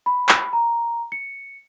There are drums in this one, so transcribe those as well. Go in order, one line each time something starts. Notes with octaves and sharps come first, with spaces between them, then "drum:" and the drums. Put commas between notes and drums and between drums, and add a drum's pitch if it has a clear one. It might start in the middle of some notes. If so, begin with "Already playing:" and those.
B5
drum: clap
A#5
C#7